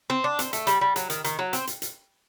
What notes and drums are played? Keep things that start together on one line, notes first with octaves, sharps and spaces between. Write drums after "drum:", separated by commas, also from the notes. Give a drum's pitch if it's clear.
C4
D4
C4, drum: hi-hat
A3, drum: hi-hat
G3, drum: hi-hat
G3
F#3, drum: hi-hat
D#3, drum: hi-hat
D#3, drum: hi-hat
F#3
C4, drum: hi-hat
drum: hi-hat
drum: hi-hat